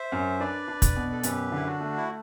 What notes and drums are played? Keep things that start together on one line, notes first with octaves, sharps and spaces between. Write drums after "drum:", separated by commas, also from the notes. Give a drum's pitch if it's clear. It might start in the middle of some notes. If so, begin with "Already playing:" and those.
Already playing: C5 E5
F#2
D4 B4 D5
D4
drum: kick, hi-hat
B2
A4
F#2 G4 B4, drum: hi-hat
D3 E4
D4 F#4
A3
E4